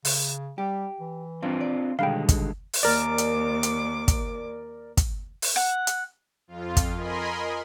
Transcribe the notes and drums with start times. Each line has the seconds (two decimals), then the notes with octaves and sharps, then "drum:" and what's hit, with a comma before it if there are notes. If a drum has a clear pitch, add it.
0.05 C#3, drum: open hi-hat
0.58 G3 G4
1.00 E3
1.43 G2 C4 D4 F4
1.61 D5
1.99 B2 D3 D#3 G3 G#3 F5 G5 B5
2.29 drum: kick, hi-hat
2.73 drum: open hi-hat
2.83 D#2 A#4 D5 D6
3.18 drum: hi-hat
3.63 drum: hi-hat
4.08 drum: kick, hi-hat
4.97 drum: kick, hi-hat
5.42 drum: open hi-hat
5.56 F#5
5.87 drum: hi-hat
6.48 F2 F4
6.77 drum: kick, hi-hat
6.96 A#4 D#5 G#5 B5 C6